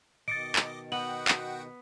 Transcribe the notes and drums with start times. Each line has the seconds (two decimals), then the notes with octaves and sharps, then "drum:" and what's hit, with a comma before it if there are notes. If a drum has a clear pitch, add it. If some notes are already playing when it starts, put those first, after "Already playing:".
0.28 B2 D#3 D#5 D6 A6 C#7 D7
0.56 drum: clap
0.92 B3 F#4 F#5 G5 F#7
1.28 drum: clap